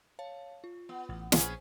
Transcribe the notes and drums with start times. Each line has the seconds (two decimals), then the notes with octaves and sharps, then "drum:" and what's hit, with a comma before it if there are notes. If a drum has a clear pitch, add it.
0.19 C#5 F5 A5
0.64 F4
0.89 B3
1.09 A1
1.32 A#1 B3 C#4 G#4 C5 G#5, drum: snare